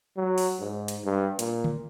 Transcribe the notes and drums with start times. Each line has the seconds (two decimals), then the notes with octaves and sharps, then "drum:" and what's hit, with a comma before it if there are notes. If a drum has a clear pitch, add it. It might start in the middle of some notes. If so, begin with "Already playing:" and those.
0.17 F#3
0.38 drum: open hi-hat
0.60 G#2
0.88 drum: hi-hat
1.05 G2
1.39 A#2, drum: hi-hat
1.64 drum: tom D3